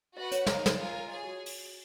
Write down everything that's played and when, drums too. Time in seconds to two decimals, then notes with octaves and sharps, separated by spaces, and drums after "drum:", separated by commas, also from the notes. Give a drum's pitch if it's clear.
0.16 F#4 B4 D#5 F#5
0.31 C#5, drum: hi-hat
0.46 D#4 A#4 F5, drum: snare
0.66 drum: snare
0.78 F4 A#4 D#5 F5 G#5
1.08 G#4 C#5 D#5 G#5
1.24 F#4
1.46 drum: open hi-hat